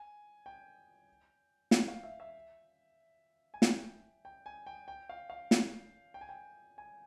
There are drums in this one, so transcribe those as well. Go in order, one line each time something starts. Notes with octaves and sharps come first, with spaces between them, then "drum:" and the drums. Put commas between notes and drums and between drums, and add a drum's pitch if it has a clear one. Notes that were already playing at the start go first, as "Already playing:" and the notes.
Already playing: G#5
G5
G5, drum: snare
F5
E5
E5
G#5
G5, drum: snare
G5
G#5
G5
G5
F5
F5
drum: snare
G5
G#5
G5
G#5